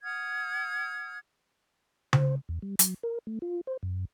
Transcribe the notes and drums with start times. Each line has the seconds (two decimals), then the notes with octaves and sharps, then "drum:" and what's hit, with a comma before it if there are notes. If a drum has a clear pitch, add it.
0.03 F#5 D#6 F6 G#6
2.13 C5, drum: tom C#3
2.49 E2
2.62 G3
2.79 F#3, drum: hi-hat
3.03 A#4
3.27 A3
3.42 F4
3.67 C5
3.83 F#2